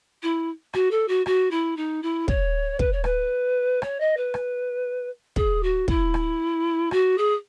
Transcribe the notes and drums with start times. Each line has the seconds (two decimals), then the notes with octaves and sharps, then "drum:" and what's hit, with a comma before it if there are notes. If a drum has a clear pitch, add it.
0.22 E4
0.73 F#4, drum: rim click
0.90 A4
1.08 F#4
1.26 F#4, drum: rim click
1.50 E4
1.76 D#4
2.02 E4
2.28 C#5, drum: kick
2.79 B4, drum: kick
2.92 C#5
3.04 B4, drum: rim click
3.82 C#5, drum: rim click
4.00 D#5
4.16 B4
4.34 drum: rim click
5.36 G#4, drum: kick
5.62 F#4
5.88 E4, drum: kick
6.14 drum: rim click
6.91 F#4, drum: rim click
7.17 G#4